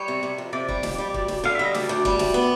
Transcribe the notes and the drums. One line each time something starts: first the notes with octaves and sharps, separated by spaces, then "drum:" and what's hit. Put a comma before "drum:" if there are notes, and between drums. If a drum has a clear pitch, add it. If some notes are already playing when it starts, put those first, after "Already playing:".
Already playing: G3 C#5
C3
C3
F2
C3 D5
G3, drum: kick
F2, drum: snare
G3
D2, drum: kick
D2, drum: snare
D3 F5
G3 E5
D#5
D2 D5, drum: snare
D2
G3, drum: kick
D2, drum: snare
B3